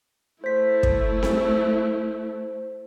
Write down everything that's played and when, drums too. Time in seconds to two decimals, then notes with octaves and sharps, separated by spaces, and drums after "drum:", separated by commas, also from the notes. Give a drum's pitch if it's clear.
0.44 A3 E4 C5 B6
0.83 drum: kick
1.23 drum: snare C4